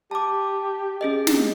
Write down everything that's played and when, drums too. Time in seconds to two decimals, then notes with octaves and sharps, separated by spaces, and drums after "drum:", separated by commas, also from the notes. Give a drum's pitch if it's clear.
0.11 G4 A5 D6
1.01 C#4 G#4 D#5
1.27 drum: snare